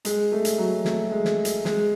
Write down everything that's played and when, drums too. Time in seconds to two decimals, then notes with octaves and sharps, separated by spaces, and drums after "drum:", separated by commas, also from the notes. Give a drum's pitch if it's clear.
0.05 G#3, drum: hi-hat
0.32 A3
0.45 drum: hi-hat
0.58 F#3
0.85 A3, drum: snare
1.11 G#3
1.25 drum: snare
1.45 drum: hi-hat
1.65 G#3, drum: snare